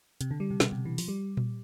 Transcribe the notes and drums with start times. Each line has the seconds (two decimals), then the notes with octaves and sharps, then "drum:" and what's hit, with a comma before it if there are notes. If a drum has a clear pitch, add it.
0.21 C3, drum: hi-hat
0.31 D3
0.40 G3
0.51 C3
0.60 B2, drum: snare
0.72 C3
0.85 E3
0.98 F3, drum: open hi-hat
1.08 G3
1.37 drum: tom A#2